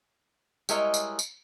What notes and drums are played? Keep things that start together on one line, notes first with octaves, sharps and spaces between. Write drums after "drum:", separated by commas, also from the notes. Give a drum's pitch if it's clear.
G3 G#3 E4 A#4 C#5 D#5, drum: tambourine
drum: tambourine
drum: tambourine